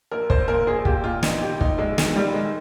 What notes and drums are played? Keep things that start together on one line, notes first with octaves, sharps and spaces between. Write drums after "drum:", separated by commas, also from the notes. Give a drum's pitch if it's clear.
A#1 A#4
A#1 C5, drum: kick
A#2 A#4
A#1 G#4
A#2 G4, drum: kick
A#2 F4
A#1 D#4, drum: snare
D#3 G4
A#1 D#4, drum: kick
A#1 G#3
D#3 G#3, drum: snare
A#1 G3
D#3 G#3